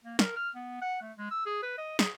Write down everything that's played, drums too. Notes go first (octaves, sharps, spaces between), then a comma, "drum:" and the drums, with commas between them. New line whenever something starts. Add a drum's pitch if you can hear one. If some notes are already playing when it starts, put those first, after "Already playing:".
A#3
A#4, drum: snare
F6
B3
F#5
A3
G#3
E6
G#4
B4
D#5
G#4, drum: snare